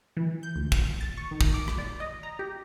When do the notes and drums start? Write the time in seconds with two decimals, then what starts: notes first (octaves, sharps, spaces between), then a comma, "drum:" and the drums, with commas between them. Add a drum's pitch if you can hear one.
0.17 E3
0.43 G6
0.56 D2
0.72 D#7, drum: kick
1.01 A6
1.17 C#6
1.31 D#3
1.41 drum: kick
1.54 D6
1.68 drum: rim click
1.78 D5
2.00 D#5
2.23 A#5
2.39 G4